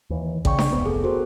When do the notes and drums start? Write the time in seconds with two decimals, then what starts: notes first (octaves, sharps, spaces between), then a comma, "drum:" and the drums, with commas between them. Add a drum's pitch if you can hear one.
0.10 D#2 E3
0.45 C#3 D5 G5 C#6, drum: kick A1
0.59 drum: snare D4
0.73 F1 C2 B3
0.86 G#4 A4
1.04 F#4 A#4 C5